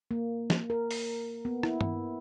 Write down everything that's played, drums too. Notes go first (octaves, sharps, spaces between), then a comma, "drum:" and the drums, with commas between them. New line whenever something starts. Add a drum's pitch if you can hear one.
A#3
drum: snare
A#4
drum: open hi-hat
B3
E4, drum: rim click
drum: tom G2